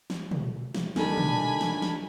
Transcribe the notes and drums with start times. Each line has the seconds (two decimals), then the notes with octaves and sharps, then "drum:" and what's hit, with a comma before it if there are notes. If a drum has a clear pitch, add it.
0.10 drum: snare
0.31 drum: tom
0.75 drum: snare
0.96 D#3 G3 D4 A4 G#5 B5, drum: snare
1.18 drum: tom
1.61 drum: snare
1.82 drum: snare